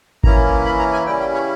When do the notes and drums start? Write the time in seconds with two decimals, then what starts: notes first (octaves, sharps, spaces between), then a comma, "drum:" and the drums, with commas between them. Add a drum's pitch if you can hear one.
0.24 E3 A#3 C#4 E4 A#5, drum: kick G1
0.66 B5
0.79 A#5
0.93 G#5
1.06 C#3 G3 C#4 E4 G5
1.20 G5
1.34 C#5